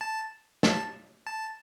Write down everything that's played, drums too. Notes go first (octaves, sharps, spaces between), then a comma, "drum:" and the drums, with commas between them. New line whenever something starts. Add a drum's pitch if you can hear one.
A5
A5, drum: snare
A5